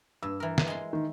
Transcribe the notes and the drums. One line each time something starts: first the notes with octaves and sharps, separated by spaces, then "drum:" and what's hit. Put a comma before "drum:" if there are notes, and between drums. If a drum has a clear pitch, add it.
G2 E6
E3 A#4
drum: snare
G#3 C6
D#3